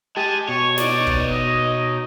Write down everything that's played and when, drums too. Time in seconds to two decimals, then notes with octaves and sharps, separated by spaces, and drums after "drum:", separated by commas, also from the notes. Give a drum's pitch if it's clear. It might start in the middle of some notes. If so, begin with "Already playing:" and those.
0.17 G#3 G4 G#4 A5
0.49 B2 C#5 C#6
0.78 D#4 C#5 D5, drum: snare
1.07 drum: kick
1.30 D#5